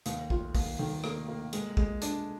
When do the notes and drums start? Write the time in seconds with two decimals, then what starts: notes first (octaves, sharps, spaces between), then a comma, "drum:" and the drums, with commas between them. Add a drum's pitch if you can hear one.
0.06 D#2, drum: hi-hat
0.30 F4, drum: kick
0.55 D#2, drum: kick, open hi-hat
0.79 D#3
1.04 A#3, drum: rim click
1.28 A#3
1.53 G#3, drum: hi-hat
1.77 G#3, drum: kick
2.02 D4, drum: hi-hat